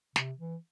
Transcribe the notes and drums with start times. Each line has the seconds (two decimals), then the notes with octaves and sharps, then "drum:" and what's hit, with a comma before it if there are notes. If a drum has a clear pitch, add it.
0.16 C3, drum: snare
0.39 E3